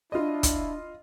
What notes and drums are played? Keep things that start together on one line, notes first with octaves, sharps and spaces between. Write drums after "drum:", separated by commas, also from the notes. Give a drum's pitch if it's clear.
D4 E4 F4 D#5
drum: kick, hi-hat